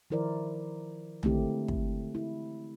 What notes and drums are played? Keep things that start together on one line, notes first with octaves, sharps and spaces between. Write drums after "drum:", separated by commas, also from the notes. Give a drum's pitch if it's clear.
D#3 F3 E4 A#4 C5 D5
D3 G#3 A3 C4 E4 G4, drum: tom
drum: kick
E4